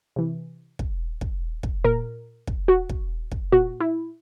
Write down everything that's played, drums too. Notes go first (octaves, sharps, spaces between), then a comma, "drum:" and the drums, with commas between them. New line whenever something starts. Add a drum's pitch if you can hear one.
C3 E3
drum: kick
drum: kick
drum: kick
A#2 A#4
drum: kick
F#4
drum: kick
drum: kick
A#2 F#4
E4